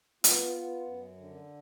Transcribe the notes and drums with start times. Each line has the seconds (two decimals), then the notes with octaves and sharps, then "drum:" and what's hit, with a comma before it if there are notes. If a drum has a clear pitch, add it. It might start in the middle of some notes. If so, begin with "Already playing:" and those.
0.24 B3 F4, drum: hi-hat
0.55 B3
0.86 F#2
1.18 D3